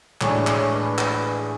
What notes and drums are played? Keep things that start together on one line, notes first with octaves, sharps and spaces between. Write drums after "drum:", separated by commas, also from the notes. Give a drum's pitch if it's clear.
A2 E3 G#3 D4 C#5, drum: clap
C#5, drum: clap
B4
B4, drum: clap
G#4